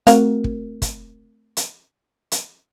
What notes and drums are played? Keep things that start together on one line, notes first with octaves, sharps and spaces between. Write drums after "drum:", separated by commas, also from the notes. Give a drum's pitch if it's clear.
A3 C4 F#4 A#4 F5, drum: hi-hat
drum: kick
drum: kick, hi-hat
drum: hi-hat
drum: hi-hat